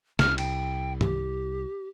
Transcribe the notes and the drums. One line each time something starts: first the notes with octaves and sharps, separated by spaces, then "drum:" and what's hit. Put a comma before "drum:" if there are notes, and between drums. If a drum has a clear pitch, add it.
C2 F6, drum: snare
G5, drum: cymbal
G4, drum: tom G2